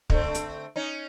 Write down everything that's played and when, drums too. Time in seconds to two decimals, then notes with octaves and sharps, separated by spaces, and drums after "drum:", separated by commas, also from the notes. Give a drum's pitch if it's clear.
0.10 D3 A3 C4, drum: kick
0.34 drum: hi-hat
0.76 C#4 D#4